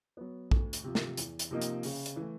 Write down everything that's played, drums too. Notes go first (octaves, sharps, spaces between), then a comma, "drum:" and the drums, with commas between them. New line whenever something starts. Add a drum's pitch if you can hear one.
F#3 B3
D2, drum: kick A#1
drum: hi-hat
C3 F3
drum: snare
E2, drum: hi-hat
drum: hi-hat
C3 F3 A#3 D#4
drum: hi-hat
C#3, drum: open hi-hat
drum: hi-hat
E3 A3